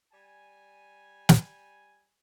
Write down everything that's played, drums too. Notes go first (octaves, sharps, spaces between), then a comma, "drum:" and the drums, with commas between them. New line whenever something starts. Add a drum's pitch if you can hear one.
G3 G#5
drum: snare